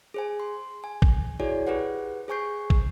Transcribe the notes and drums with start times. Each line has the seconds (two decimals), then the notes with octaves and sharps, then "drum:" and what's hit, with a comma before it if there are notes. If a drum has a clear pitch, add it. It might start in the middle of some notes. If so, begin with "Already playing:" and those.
0.14 G#4 C5 G#5
0.40 C6
0.84 G#5
1.02 drum: kick
1.40 E4 F#4 G#4 C#5 D5 G#5
1.67 G4 G#4 B4 C5 F#5
2.28 G#4 C5 G#5 C#6 G6 C7
2.70 drum: kick